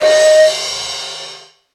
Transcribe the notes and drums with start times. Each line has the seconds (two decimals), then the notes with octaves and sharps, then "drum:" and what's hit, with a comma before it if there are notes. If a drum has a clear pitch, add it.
0.01 D#5, drum: cymbal